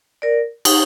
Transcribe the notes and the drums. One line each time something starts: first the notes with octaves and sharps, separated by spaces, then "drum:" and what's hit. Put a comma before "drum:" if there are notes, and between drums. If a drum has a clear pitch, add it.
A#4 D5
D#4, drum: cymbal